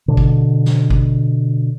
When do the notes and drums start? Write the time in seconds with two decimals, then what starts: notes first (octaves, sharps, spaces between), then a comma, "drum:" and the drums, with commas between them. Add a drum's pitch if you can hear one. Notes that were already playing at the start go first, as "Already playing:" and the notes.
0.08 B2 D3
0.17 drum: kick
0.65 drum: snare
0.90 drum: kick